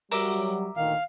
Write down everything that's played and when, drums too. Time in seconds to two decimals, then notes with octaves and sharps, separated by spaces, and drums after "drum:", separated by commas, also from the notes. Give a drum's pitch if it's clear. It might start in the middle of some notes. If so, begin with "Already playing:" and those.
0.11 F#3 G3 A#4 E5 D6, drum: open hi-hat
0.76 D2 A#2 D#3 F5